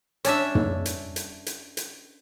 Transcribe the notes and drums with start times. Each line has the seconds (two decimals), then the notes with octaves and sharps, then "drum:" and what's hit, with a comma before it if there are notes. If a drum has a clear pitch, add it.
0.25 C#4 D4 E5, drum: hi-hat
0.55 drum: tom
0.85 drum: hi-hat
1.16 drum: hi-hat
1.46 drum: hi-hat
1.77 drum: hi-hat